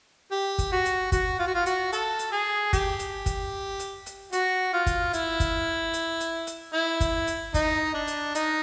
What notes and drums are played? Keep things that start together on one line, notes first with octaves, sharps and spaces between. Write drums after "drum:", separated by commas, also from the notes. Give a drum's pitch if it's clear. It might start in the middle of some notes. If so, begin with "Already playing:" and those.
G4
drum: kick, hi-hat
F#4
drum: hi-hat
F#4, drum: kick, hi-hat
F4
F#4
F4
F#4, drum: hi-hat
A4, drum: hi-hat
drum: hi-hat
G#4
G4, drum: kick, hi-hat
drum: hi-hat
drum: kick, hi-hat
drum: hi-hat
drum: hi-hat
F#4, drum: hi-hat
F4
drum: kick, hi-hat
E4, drum: hi-hat
drum: kick, hi-hat
drum: hi-hat
drum: hi-hat
drum: hi-hat
E4
drum: kick, hi-hat
drum: hi-hat
D#4, drum: kick, hi-hat
D4
drum: hi-hat
D#4, drum: hi-hat